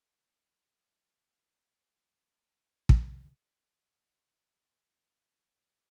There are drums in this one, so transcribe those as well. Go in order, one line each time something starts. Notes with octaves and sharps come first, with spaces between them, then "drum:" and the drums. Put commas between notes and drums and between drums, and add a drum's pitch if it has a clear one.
C#5
E5
F#5
F#5
drum: kick
C#5
A4